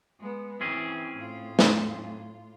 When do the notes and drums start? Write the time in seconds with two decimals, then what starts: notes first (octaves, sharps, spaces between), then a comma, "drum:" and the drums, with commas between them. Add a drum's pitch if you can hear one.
0.19 G#3 B3
0.61 E3 C4 C#4 G#4
1.16 A2 F4
1.59 drum: snare